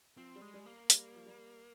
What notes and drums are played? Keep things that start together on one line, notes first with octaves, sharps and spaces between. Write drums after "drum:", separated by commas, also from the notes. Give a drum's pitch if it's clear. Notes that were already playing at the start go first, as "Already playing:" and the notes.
F3 C4
G3
G#3
G3
A#3
G3, drum: hi-hat
F3
G3